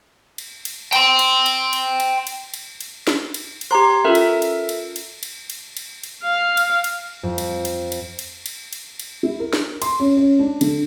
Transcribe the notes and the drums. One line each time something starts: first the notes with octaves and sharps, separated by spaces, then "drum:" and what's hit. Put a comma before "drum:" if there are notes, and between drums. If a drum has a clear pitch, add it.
drum: cymbal
drum: cymbal
G5 C6, drum: cymbal
drum: cymbal
drum: cymbal
drum: cymbal
drum: cymbal
drum: cymbal
drum: cymbal
drum: cymbal
drum: snare
drum: cymbal
drum: cymbal
G4 C5 A#5 C6 D6
C#4 F4 A4 A#4 E5
drum: cymbal
drum: cymbal
drum: cymbal
drum: cymbal
drum: cymbal
drum: cymbal
drum: cymbal
drum: cymbal
F5
drum: cymbal
drum: cymbal
F2
drum: cymbal
drum: cymbal
drum: cymbal
drum: cymbal
drum: cymbal
drum: cymbal
drum: cymbal
E4
A#4
drum: snare
C6, drum: cymbal
C#4
C#4
D4
D3, drum: cymbal